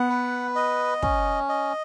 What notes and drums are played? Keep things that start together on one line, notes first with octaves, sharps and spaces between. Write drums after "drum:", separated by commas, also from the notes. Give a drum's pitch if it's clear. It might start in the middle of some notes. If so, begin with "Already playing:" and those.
Already playing: B3 F#5
B4
D#5
C#4, drum: kick
D#5